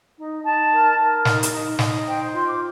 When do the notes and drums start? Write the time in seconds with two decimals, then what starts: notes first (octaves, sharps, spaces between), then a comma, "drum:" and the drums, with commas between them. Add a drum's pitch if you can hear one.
0.18 D#4
0.45 D#4 A5
0.72 A#4
0.98 A#4
1.25 D#4, drum: snare
1.43 drum: hi-hat
1.52 D#4
1.79 D#4, drum: snare
2.05 C5 G5
2.33 F4 C6
2.46 D6